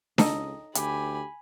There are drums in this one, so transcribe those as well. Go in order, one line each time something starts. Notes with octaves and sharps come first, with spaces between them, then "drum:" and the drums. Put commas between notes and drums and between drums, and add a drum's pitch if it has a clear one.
C#2 D#4 A4 D#5, drum: snare D4
D2 G4 G#5 B5, drum: hi-hat